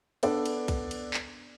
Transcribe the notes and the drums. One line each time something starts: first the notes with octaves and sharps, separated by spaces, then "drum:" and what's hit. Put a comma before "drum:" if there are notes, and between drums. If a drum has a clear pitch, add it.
B3 D4 A4 D5, drum: cymbal
drum: cymbal
drum: kick B1, cymbal
drum: cymbal
drum: clap